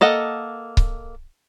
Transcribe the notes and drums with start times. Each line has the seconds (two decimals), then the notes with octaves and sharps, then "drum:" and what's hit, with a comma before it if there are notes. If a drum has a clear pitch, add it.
0.01 A#3 A4 D#5 F#5
0.77 drum: kick C#1